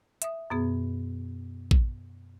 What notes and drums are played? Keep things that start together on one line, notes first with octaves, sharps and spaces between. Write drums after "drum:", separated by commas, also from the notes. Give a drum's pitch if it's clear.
E5 D#6, drum: hi-hat
F#2 B2 B3 G#4
drum: kick A1